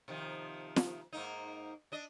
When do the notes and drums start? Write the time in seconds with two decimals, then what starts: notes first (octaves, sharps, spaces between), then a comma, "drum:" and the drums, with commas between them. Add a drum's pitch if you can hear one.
0.08 C3 D#3 F3
0.76 drum: snare
1.13 G#2 A#3 D#4
1.92 D4 D#5